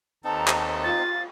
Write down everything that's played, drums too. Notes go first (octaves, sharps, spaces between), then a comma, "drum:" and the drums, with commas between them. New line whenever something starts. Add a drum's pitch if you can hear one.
D#2 C4 D#4 A4 A5 A#5
drum: clap
F4 A6